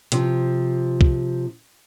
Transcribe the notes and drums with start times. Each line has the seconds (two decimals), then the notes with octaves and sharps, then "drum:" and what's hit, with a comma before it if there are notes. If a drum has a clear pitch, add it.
0.12 C3 F3, drum: hi-hat
1.01 drum: kick C2